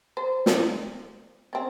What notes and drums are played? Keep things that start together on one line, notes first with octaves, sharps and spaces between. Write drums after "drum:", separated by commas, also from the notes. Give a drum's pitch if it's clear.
C5
drum: snare
C4 C#4